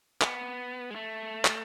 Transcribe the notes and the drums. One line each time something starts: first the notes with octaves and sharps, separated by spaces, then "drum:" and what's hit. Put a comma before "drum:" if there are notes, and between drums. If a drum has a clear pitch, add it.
B3, drum: clap
G#3
A3
drum: clap